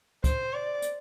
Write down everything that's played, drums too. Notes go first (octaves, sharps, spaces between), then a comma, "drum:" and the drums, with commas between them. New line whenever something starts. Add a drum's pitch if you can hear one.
C5, drum: kick, hi-hat
D5
drum: hi-hat